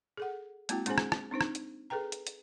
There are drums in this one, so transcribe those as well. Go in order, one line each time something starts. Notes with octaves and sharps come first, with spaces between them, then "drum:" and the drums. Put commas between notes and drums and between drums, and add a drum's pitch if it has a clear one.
G#4 A4 F#5
G#3 A#3 C4 E4 F#4 G5, drum: hi-hat
G#3 C4 D4 G#4 C5 G#5, drum: hi-hat
drum: rim click
drum: rim click
C4 D4 D#4 C5
drum: rim click
drum: hi-hat
G#4 A4 B4 G5 A#5
drum: hi-hat
drum: hi-hat